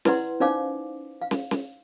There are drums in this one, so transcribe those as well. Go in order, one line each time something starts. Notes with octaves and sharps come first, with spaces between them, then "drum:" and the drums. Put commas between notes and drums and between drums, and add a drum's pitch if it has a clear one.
E4 B4 D5 F#5 C6, drum: snare
C#4 D#4 C5 D5 F5 D6
F5
drum: snare
drum: snare